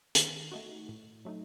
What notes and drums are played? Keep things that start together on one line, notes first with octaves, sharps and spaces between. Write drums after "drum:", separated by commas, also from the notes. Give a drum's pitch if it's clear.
D#3, drum: hi-hat
A3 D#4 F#4
A2
F#3 A3 D#4